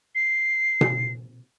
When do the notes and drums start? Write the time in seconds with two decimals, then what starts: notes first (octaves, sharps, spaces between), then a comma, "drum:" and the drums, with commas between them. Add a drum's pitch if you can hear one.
0.15 C7
0.81 drum: tom B2